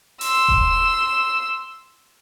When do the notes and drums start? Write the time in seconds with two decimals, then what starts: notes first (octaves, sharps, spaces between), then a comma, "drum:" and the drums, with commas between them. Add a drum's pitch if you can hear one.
0.21 C6 E6, drum: open hi-hat
0.48 drum: kick E1